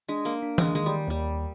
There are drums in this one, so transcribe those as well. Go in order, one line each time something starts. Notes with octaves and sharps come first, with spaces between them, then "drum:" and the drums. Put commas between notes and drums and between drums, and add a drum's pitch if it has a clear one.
G#3 D4
A#3
D4
G#3, drum: tom E3
D#3 G#3
G3
D#2 G3